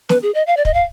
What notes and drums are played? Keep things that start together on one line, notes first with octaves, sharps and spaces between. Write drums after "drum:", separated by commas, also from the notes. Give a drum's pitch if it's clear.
B4, drum: snare
G#4
D#5
F5
D5
D#5, drum: kick
F5